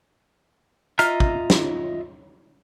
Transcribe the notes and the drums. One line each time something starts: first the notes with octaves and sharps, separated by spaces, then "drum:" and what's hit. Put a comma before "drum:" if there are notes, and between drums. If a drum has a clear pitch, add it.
F4 D#5 E5 A#5 F6, drum: hi-hat
drum: kick
drum: snare